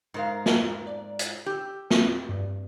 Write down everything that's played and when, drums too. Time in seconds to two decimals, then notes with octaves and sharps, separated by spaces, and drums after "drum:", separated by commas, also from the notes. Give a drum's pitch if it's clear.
0.14 G#2 A#4 F5 C6
0.46 drum: snare
0.87 D5
1.19 drum: hi-hat
1.46 G4 E6 G6
1.91 C4, drum: snare
2.29 G2